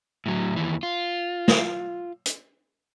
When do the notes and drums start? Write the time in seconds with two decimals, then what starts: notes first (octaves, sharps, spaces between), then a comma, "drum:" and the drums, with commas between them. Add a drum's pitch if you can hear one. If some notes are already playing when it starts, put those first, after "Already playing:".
0.26 A2 F#3
0.56 D#2 E3
0.83 F4
1.48 drum: snare
2.26 drum: hi-hat